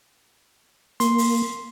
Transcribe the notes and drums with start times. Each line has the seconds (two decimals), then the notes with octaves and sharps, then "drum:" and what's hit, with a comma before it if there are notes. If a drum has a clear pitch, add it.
1.00 A#3 C6, drum: hi-hat
1.18 drum: open hi-hat